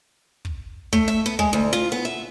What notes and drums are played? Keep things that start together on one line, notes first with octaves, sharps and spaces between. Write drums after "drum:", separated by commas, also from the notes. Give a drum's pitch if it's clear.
drum: kick
A3, drum: kick
E5
B3
G#3, drum: kick
D2
F4
B3
E5